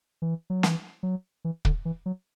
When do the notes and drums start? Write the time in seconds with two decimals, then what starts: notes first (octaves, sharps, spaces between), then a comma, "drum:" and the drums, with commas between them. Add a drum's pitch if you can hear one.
0.22 E3
0.50 F#3
0.63 E3, drum: snare
1.03 F#3
1.45 E3
1.65 D3, drum: kick
1.85 E3
2.06 F#3